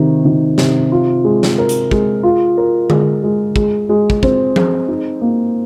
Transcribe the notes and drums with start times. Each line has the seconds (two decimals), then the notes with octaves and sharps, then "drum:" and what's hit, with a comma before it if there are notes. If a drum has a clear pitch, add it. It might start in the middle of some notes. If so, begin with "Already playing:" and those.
Already playing: C3 D#3
0.25 D#3
0.58 C3, drum: snare
0.92 F4
1.24 G#3
1.43 drum: snare
1.58 A#4
1.69 drum: hi-hat
1.91 G#3, drum: kick
2.23 F4
2.58 A#4
2.90 G#3, drum: tom D3
3.23 G#3
3.56 G#3, drum: kick
3.89 G#3
4.10 drum: kick
4.23 C4, drum: kick
4.56 G#4, drum: tom F3
4.88 D#4
5.21 A#3